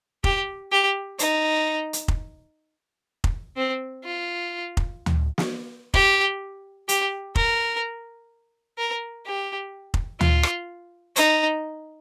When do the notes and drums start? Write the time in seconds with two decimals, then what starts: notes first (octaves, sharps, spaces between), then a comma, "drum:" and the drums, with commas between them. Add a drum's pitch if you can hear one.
0.24 G4, drum: kick F1
0.72 G4
1.19 D#4, drum: hi-hat
1.93 drum: hi-hat
2.08 drum: kick F1
3.24 drum: kick F1
3.56 C4
4.04 F4
4.77 drum: kick F1
5.06 drum: tom D2
5.38 drum: snare
5.94 G4, drum: kick F1
6.89 G4, drum: hi-hat
7.36 A#4, drum: kick F1
8.78 A#4
9.26 G4
9.94 drum: kick F1
10.21 F4, drum: tom D2
10.43 drum: rim click
11.16 D#4, drum: hi-hat